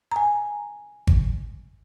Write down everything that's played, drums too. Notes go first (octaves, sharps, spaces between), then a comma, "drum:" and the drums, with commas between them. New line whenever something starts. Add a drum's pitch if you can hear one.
G#5 A#5
drum: kick G#1